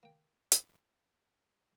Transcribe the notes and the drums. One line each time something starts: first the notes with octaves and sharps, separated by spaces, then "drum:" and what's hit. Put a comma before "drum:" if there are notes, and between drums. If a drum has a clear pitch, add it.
A#3 G5
drum: hi-hat